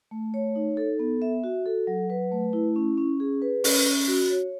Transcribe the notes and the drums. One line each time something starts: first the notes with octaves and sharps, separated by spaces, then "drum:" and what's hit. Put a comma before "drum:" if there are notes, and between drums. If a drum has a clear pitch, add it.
A3
C#5
D#4
A4
B3
E5
F#4
A4
F#3
B4
A3
E4
C#4
C#4
G#4
B4
C#4, drum: open hi-hat
C#4
F#4
C#5